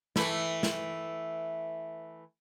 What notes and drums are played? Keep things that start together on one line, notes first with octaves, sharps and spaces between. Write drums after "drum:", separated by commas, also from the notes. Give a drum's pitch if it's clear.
E3 A3 E4, drum: snare
drum: snare